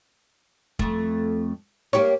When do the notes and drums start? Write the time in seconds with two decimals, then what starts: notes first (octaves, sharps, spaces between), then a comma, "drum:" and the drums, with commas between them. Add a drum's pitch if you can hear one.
0.79 F2 A3, drum: kick
1.93 A#3 G4 C#5, drum: snare